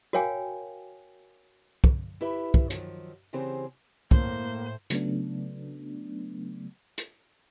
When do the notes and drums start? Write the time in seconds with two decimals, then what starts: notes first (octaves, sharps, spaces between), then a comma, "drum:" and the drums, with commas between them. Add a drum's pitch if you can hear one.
0.13 F#4 A#4 C#5 F5 G5 G#5
1.84 drum: kick
2.21 E4 G4 B4 E5
2.54 drum: kick
2.70 D#3 F3 F#3, drum: hi-hat
3.33 C#3 E3 C4 G4 G#4 C5
4.11 A2 A#3 C5, drum: kick
4.90 C#3 F#3 A3 B3 D4, drum: hi-hat
6.98 drum: hi-hat